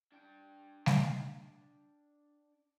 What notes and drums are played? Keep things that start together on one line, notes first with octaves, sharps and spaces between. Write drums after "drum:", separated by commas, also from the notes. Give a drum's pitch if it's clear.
D4 G5
drum: snare G3